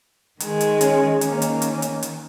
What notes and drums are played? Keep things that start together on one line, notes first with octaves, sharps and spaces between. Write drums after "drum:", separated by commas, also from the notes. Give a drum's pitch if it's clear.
D#3 G#3, drum: hi-hat
drum: hi-hat
C#4, drum: hi-hat
D#3 A#3 C#4, drum: hi-hat
drum: hi-hat
C#4, drum: hi-hat
drum: hi-hat
drum: hi-hat